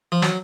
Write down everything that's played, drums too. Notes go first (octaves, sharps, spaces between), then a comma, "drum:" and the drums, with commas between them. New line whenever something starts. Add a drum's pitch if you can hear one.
F3
F#3, drum: snare